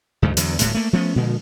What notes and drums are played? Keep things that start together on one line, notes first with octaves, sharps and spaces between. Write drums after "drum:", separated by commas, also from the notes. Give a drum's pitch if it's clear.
D2 G#2 C#3 F#3
E2 D3 F#3, drum: hi-hat
D1 A2 G#3, drum: hi-hat
A3 A#3
F3 A3 B3 C#4
A#2 D3 F3 G#3